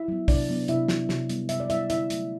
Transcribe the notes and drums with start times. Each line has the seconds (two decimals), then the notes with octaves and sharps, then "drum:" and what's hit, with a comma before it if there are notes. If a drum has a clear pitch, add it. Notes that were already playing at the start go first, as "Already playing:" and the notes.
Already playing: E4 E5
0.08 F#3 B3
0.28 C3 D4 D5, drum: kick, open hi-hat
0.49 F#3 B3
0.68 C3 E4 E5, drum: hi-hat
0.88 F#3 B3, drum: snare
1.09 C3, drum: snare
1.29 G3 B3, drum: hi-hat
1.49 C3 E5, drum: hi-hat
1.60 D5
1.70 G3 B3 E4 E5, drum: hi-hat
1.90 D3 E4 E5, drum: hi-hat
2.10 F#3 A3, drum: hi-hat